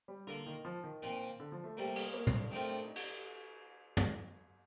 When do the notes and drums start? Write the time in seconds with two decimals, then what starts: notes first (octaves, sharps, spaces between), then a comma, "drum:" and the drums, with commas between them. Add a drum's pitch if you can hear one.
0.08 G3
0.27 D3 A#3 F4 A#4
0.46 D#3
0.65 F3
0.83 D#3
1.02 A#2 F3 C4
1.40 D3
1.52 F3
1.64 A3
1.77 C3 G3 A#3
1.96 drum: cymbal
2.14 A#3
2.27 C4, drum: tom
2.39 D4
2.51 D#3 A3 C4 D4 F4
2.71 D4
2.84 D#4
2.96 drum: cymbal
3.97 drum: tom